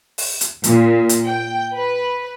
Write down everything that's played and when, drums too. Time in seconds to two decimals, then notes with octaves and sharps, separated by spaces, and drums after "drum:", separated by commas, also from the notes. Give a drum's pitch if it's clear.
0.18 drum: open hi-hat
0.41 drum: hi-hat
0.64 A#2, drum: hi-hat
1.09 drum: hi-hat
1.25 G5
1.74 B4